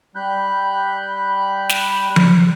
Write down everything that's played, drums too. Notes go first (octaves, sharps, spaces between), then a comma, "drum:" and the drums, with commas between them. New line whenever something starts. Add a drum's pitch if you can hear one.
G3 B5 F#6 G6
drum: snare
drum: tom F3